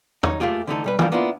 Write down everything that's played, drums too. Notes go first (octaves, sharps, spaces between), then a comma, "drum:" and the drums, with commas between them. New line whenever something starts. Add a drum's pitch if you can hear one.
D#4 C#5, drum: tom
A3 A#3 F4 G4 G#4
D3 E3 A3 C#4 D#4 A4
B1 G3 B4
E3 F3 G3 A3 F4 A#4, drum: tom
A#3 B3 D4 E4 F4